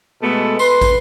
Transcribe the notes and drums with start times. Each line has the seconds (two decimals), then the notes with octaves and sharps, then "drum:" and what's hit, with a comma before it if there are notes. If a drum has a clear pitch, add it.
0.22 B2 G#3 A3 B3 A4
0.59 B4 C6, drum: tambourine
0.82 drum: kick, tambourine